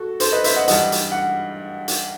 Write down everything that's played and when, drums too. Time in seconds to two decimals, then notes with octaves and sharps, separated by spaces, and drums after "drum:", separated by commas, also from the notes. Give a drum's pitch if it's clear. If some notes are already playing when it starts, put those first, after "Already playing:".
Already playing: F#4 A4
0.20 A4 C5, drum: hi-hat
0.32 B4 D#5
0.44 C5 E5, drum: hi-hat
0.56 D#5 F#5
0.68 G2 E3 G3 D#5 F#5, drum: hi-hat
0.92 drum: hi-hat
1.12 F#5
1.88 drum: hi-hat